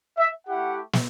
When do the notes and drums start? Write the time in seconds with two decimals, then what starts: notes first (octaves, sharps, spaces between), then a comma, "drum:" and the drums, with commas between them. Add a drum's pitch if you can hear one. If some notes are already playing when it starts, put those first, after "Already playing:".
0.18 E5
0.48 A3 E4 G4 F#5
0.93 drum: snare